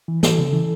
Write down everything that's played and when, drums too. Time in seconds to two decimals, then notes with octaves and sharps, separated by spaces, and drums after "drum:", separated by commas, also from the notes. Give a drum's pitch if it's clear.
0.08 E3
0.23 E3 A4, drum: snare
0.38 C#3
0.53 E3